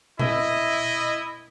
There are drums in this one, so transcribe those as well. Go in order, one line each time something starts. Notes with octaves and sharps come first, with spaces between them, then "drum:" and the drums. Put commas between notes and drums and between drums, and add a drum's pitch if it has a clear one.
E4 D#5, drum: tom A#2